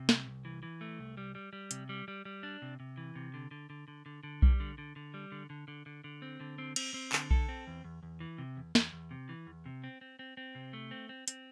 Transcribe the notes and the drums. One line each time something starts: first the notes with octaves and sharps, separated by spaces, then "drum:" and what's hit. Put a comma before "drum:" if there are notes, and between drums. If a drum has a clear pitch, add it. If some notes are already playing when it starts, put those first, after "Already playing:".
Already playing: C3
C2, drum: snare
C2
E3
E3
A3
C2
G3
G3
G3
C3, drum: hi-hat
G3
G3
G3
D4
C3
C3
E3
C3
D3
D3
D3
D3
D3
D3
G3, drum: kick B1
D3
D3
D3
G3
D3
D3
D3
D3
D3
C4
D3
C4
C4, drum: cymbal
C4
D3, drum: clap
A4, drum: kick B1
C4
E2
E2
E2
E3
C3
E2
E2, drum: snare
E2
C3
E3
E2
C3
C4
C4
C4
C4
C3
A3
C4
C4
C4, drum: hi-hat